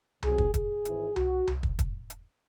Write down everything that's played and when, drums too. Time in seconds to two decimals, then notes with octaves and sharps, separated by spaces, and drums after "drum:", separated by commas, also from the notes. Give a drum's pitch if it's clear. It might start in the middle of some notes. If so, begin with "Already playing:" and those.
0.23 C2 C3 F#3 C4 G#4, drum: tom C2
0.38 drum: kick
0.54 G#4, drum: kick, hi-hat
0.85 G#1 G#2 E3, drum: hi-hat
1.16 F#4, drum: tom C2
1.47 drum: tom C2
1.63 drum: kick
1.79 drum: kick, hi-hat
2.10 drum: hi-hat